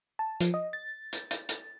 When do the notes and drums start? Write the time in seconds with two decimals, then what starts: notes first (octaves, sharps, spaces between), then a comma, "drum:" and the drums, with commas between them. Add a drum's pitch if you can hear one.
0.19 A5
0.41 F3, drum: hi-hat
0.54 D#5
0.73 A6
1.13 drum: hi-hat
1.31 drum: hi-hat
1.49 drum: hi-hat